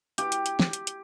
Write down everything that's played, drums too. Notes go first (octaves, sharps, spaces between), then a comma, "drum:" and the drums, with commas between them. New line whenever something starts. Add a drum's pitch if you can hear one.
G4, drum: hi-hat
drum: hi-hat
drum: hi-hat
drum: snare
drum: hi-hat
drum: hi-hat